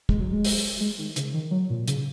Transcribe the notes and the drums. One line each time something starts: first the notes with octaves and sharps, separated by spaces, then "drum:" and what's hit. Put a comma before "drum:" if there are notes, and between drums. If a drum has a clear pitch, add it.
G#3, drum: kick
F#3
G#3
drum: open hi-hat
G#3
D#3
C#3, drum: hi-hat
D#3
F#3
A#2
C#3, drum: hi-hat